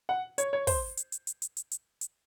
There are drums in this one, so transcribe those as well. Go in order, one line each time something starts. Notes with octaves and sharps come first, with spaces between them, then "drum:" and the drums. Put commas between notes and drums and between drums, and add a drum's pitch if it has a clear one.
F#5
C#5, drum: hi-hat
C#5
C5, drum: kick, open hi-hat
drum: hi-hat
drum: hi-hat
drum: hi-hat
drum: hi-hat
drum: hi-hat
drum: hi-hat
drum: hi-hat